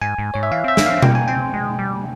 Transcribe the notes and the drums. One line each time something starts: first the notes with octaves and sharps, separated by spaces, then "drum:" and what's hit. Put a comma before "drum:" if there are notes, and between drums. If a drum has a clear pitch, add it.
G#2 G#5
G#2
G#2 C#5
E5
E3 F5
C4 E5
A#3, drum: snare
C4 F5
C4
A#3 G5, drum: tom B2
G#5
C4 G5
G#3
G3